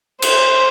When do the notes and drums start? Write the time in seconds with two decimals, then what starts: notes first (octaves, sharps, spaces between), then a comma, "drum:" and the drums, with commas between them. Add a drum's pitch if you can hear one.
0.22 C5, drum: cymbal